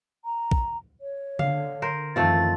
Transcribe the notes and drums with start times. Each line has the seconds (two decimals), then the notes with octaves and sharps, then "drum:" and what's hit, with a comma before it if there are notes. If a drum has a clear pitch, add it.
0.25 A#5
0.51 drum: kick A#1
1.01 C#5
1.39 D3 F5, drum: tom C#3
1.82 A#4 C5
2.16 F#2 D#3 E3 A3 C4 F4 A6